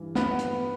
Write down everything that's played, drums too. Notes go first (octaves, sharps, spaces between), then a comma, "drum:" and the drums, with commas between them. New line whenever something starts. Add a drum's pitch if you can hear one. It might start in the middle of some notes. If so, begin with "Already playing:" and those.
Already playing: G2 E3
B3, drum: snare
drum: hi-hat